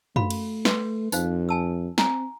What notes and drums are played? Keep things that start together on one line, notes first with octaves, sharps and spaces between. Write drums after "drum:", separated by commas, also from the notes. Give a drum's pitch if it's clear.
A3 F#4 F5 B5, drum: tom F#2
drum: cymbal
B4 C6, drum: snare
F2 D#4 C5 F5, drum: tambourine
G#5 A5 E6
C4 G#5 A#5, drum: snare